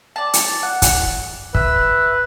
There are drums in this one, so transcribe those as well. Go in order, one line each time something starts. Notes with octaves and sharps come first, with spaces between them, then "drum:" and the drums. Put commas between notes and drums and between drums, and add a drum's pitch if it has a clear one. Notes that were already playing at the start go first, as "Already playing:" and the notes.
D5 A5
drum: hi-hat
F#5
drum: kick, hi-hat
B4 E5, drum: kick